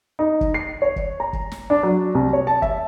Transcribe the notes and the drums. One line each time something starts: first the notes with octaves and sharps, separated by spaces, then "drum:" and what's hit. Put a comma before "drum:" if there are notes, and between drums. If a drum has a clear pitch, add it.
D#4
drum: kick
C7
C#5
drum: kick
A#5
drum: kick
drum: snare
D4
F#3
C2
C#5
A5
E5, drum: kick